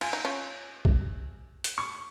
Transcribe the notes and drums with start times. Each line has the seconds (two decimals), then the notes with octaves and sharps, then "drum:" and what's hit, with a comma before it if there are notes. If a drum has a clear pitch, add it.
0.01 F4 G#5, drum: cymbal
0.13 D#4
0.25 C#4 F4
0.85 drum: kick
1.64 drum: hi-hat
1.78 C#6